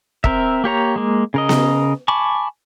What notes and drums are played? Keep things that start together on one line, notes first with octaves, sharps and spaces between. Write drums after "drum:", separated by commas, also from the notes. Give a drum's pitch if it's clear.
C4 A#4 E5, drum: kick
A#3 G4 C#5 A#5
G#3 A#3
C#3 A#4 D#5
drum: snare B3
G#5 A5 B5 C#6 D6